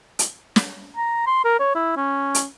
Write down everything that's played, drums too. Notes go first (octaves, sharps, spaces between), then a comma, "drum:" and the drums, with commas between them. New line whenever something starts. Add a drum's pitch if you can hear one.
drum: hi-hat
drum: snare
A#5
C6
A#4
C#5
E4
C#4
drum: hi-hat